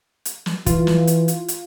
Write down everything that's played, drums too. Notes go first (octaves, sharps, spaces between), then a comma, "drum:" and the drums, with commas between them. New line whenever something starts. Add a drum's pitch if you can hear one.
drum: hi-hat
drum: snare
E3 F4, drum: kick, hi-hat
drum: snare
drum: hi-hat
drum: hi-hat
drum: hi-hat